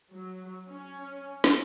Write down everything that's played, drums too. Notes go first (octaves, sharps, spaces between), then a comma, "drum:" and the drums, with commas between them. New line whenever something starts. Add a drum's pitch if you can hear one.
F#3
C#4
drum: snare